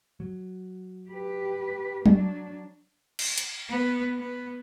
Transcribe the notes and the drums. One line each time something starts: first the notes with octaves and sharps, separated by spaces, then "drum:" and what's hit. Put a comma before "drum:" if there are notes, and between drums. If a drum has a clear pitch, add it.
F#3
G4 B4
F#3 D4, drum: tom F#3
drum: cymbal
drum: hi-hat
B3
B3